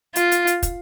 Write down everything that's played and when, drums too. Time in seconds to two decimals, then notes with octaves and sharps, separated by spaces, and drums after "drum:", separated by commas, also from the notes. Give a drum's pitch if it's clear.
0.16 F4, drum: hi-hat
0.32 drum: hi-hat
0.47 drum: hi-hat
0.63 drum: kick, hi-hat